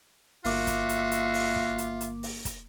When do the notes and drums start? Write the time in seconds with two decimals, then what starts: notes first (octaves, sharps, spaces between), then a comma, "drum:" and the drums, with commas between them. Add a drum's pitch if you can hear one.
0.45 G1 A#3 F4 F#4 E5 D6, drum: open hi-hat
0.67 drum: kick, hi-hat
0.89 drum: hi-hat
1.11 drum: hi-hat
1.34 drum: open hi-hat
1.56 drum: kick
1.78 drum: hi-hat
2.01 drum: hi-hat
2.23 drum: open hi-hat
2.45 drum: kick, hi-hat